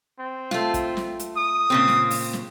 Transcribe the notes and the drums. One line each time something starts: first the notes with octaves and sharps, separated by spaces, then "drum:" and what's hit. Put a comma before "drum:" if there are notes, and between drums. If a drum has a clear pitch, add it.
C4
A3 F4, drum: snare
drum: kick, hi-hat
drum: snare
drum: hi-hat
D#6
A#2 C#3 C4
drum: snare
drum: open hi-hat
drum: snare